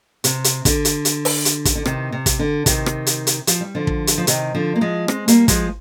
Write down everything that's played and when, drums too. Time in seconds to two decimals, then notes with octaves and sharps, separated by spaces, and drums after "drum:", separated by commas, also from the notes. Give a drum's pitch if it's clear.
0.24 C3, drum: hi-hat
0.44 drum: hi-hat
0.65 D3, drum: kick, hi-hat
0.85 drum: hi-hat
1.05 drum: hi-hat
1.25 drum: open hi-hat
1.45 drum: hi-hat
1.65 drum: kick, hi-hat
1.75 D3
1.86 C3 D#3, drum: rim click
2.12 C3
2.26 drum: kick, hi-hat
2.39 D3
2.66 C3 D#3, drum: kick, hi-hat
2.86 drum: rim click
3.06 drum: hi-hat
3.27 drum: hi-hat
3.47 F3, drum: hi-hat
3.61 G3
3.75 D3 F3
3.87 drum: kick
4.07 drum: hi-hat
4.18 F3
4.27 C3 D#3, drum: hi-hat
4.55 D3 F3
4.76 A#3
4.81 F3 G#3
5.08 G#3 C4, drum: rim click
5.28 G3 A#3, drum: hi-hat
5.48 F3 G#3, drum: kick, hi-hat